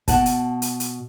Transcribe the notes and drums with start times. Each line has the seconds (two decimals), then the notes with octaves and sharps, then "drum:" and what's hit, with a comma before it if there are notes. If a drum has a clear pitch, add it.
0.08 B2 F#5 A5, drum: kick, hi-hat
0.26 drum: hi-hat
0.62 drum: hi-hat
0.80 drum: hi-hat